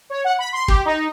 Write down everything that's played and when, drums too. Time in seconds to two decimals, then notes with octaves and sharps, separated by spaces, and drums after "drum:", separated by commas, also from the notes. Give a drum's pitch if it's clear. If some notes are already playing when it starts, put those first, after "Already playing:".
0.10 C#5
0.24 F#5
0.39 B5
0.52 C6
0.68 G4, drum: kick
0.85 D#4